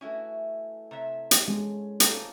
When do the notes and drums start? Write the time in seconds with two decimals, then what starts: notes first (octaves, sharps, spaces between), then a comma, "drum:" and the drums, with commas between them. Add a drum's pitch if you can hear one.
0.01 E3 A3 C#4 E4 F#4 G#5
0.91 C3 C#5 E5
1.31 drum: hi-hat
1.48 G#3 C#4
2.00 F3 A#3 D#4 A4 F#5, drum: hi-hat